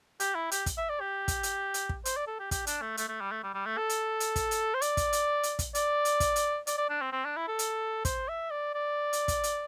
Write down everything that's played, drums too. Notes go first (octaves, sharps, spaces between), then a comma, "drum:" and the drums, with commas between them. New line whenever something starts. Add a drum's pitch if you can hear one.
G4, drum: hi-hat
E4
G4, drum: hi-hat
drum: kick, hi-hat
E5
D5
G4
drum: kick, hi-hat
drum: hi-hat
drum: hi-hat
drum: kick
C5, drum: hi-hat
D5
A4
G4
G4, drum: kick, hi-hat
D4, drum: hi-hat
A3
A3, drum: hi-hat
A3
G3
A3
G3
G3
A3
A4
drum: hi-hat
drum: hi-hat
drum: kick, hi-hat
drum: hi-hat
C5
D5, drum: hi-hat
drum: kick, hi-hat
drum: hi-hat
drum: hi-hat
drum: kick, hi-hat
D5, drum: hi-hat
drum: hi-hat
drum: kick, hi-hat
drum: hi-hat
D5, drum: hi-hat
D5
D4
C4
C4
D4
E4
A4
drum: hi-hat
C5, drum: kick, hi-hat
E5
D5
D5
drum: hi-hat
drum: kick, hi-hat
drum: hi-hat